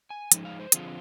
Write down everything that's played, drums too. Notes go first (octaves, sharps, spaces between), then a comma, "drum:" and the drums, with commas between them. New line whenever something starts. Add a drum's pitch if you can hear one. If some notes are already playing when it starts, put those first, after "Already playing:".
G#5
F3 G#3 D#4, drum: hi-hat
F5
C5
D3 F3 C4 F4 G#4, drum: hi-hat